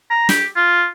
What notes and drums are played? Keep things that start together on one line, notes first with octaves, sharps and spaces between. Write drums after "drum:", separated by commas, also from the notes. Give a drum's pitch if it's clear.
A#5
G4, drum: snare
F4